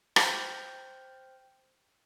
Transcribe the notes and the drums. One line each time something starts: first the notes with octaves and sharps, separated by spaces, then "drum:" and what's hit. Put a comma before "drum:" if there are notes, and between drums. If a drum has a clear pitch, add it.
C5 G5 F6 G6, drum: rim click